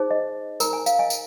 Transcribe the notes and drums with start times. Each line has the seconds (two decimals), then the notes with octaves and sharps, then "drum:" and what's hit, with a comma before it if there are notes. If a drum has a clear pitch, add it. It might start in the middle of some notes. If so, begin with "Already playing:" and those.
Already playing: D#4 G#4 C5
0.11 D#5
0.60 D#4 A#4 A#5, drum: tambourine
0.73 G#5
0.86 F5, drum: tambourine
0.99 D#5 G#5
1.10 drum: tambourine